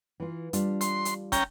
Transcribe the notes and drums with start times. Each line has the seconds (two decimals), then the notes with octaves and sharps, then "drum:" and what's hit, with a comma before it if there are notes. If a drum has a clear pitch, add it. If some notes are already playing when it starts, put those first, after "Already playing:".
0.20 E3 F4
0.53 G3 D4 F4, drum: hi-hat
0.81 C6, drum: hi-hat
1.05 drum: hi-hat
1.32 C#4 G5 A#5, drum: kick, hi-hat